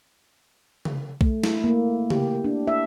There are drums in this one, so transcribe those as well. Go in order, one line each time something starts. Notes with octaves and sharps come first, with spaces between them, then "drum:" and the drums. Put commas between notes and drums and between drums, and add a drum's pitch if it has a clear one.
drum: tom C#3
A3, drum: kick B1
E4, drum: snare
A#3
G4, drum: tom C#3
D4
E5